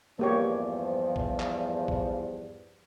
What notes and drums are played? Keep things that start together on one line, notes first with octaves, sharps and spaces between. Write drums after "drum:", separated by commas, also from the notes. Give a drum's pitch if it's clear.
E2 G2 F3 A#3 G4 C#5
drum: kick A1
drum: clap
drum: kick A1